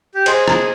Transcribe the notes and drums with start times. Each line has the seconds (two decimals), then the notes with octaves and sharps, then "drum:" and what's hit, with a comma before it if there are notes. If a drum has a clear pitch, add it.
0.14 G4
0.26 G#4 C5 D#5 G#5 C6, drum: cymbal
0.48 G#4, drum: rim click